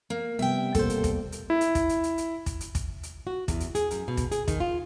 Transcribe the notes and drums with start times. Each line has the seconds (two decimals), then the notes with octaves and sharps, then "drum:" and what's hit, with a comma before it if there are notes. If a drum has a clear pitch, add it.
0.10 A#3
0.39 C3 G3 B3 E5 G5
0.75 B2 G3 A#3 A4 C5, drum: kick, hi-hat
0.90 drum: hi-hat
1.04 drum: kick, hi-hat
1.32 drum: hi-hat
1.50 E4
1.61 drum: hi-hat
1.75 drum: kick, hi-hat
1.89 drum: hi-hat
2.04 drum: hi-hat
2.18 drum: hi-hat
2.46 drum: kick, hi-hat
2.61 drum: hi-hat
2.75 drum: kick, hi-hat
3.03 drum: hi-hat
3.27 F#4
3.48 E2, drum: kick, hi-hat
3.60 drum: hi-hat
3.75 G#4, drum: hi-hat
3.91 F#2, drum: hi-hat
4.08 B2
4.17 drum: kick, hi-hat
4.32 G#4, drum: hi-hat
4.48 D#3, drum: kick, hi-hat
4.60 F4